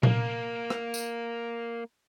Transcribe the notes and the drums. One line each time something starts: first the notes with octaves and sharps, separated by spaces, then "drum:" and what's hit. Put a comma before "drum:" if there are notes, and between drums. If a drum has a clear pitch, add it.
A#3, drum: tom A#2
drum: rim click
drum: tambourine